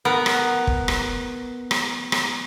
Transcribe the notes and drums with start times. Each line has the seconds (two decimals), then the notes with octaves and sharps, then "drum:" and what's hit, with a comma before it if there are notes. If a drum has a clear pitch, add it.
0.05 B3 A#4
0.26 drum: rim click
0.67 drum: kick
0.88 drum: rim click
1.71 drum: rim click
2.12 drum: rim click